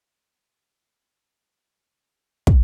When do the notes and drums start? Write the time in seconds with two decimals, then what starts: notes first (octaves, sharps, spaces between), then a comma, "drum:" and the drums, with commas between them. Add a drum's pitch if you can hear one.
0.16 G2 A#2 G#3 F4
0.53 C2 F2 F#3 D4 G4 C5
1.51 D#4 G#4 A4 D5 D#5 F5
1.98 C4 D4 F#4
2.47 drum: kick